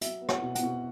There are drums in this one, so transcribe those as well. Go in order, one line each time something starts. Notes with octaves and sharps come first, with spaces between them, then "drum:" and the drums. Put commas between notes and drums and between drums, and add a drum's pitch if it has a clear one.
F#3 E5, drum: hi-hat
B3
F#5, drum: rim click
B2
F#5, drum: hi-hat
B2